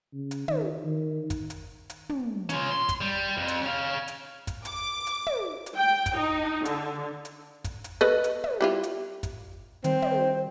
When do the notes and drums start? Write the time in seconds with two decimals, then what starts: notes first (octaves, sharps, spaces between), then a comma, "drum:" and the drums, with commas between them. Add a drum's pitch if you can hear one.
0.13 C#3
0.31 drum: hi-hat
0.48 D#3, drum: tom
0.84 D#3
1.30 drum: kick, hi-hat
1.50 drum: hi-hat
1.90 drum: hi-hat
2.09 drum: tom
2.49 C#4 F4, drum: hi-hat
2.71 C6
2.89 drum: kick, hi-hat
3.01 G3
3.38 F2
3.48 drum: hi-hat
3.62 C#4 F5
4.08 drum: hi-hat
4.47 drum: kick, hi-hat
4.65 D6, drum: hi-hat
5.07 drum: hi-hat
5.27 drum: tom
5.66 drum: hi-hat
5.77 G5
6.06 drum: kick, hi-hat
6.17 D#4
6.65 D3, drum: hi-hat
7.25 drum: hi-hat
7.64 drum: kick, hi-hat
7.84 drum: hi-hat
8.01 A4 B4 D#5
8.24 drum: hi-hat
8.44 drum: tom
8.61 G3 E4 F4
8.83 drum: hi-hat
9.23 drum: kick, hi-hat
9.84 D#3 G3 C4 C5, drum: hi-hat
10.02 drum: tom